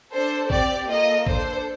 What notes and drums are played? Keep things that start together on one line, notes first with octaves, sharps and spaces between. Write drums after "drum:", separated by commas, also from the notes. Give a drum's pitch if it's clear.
D4 A4 C5
C4 G4 D5, drum: kick G#1
A#3 F4 A4 D#5
D4 A4 C5, drum: kick G#1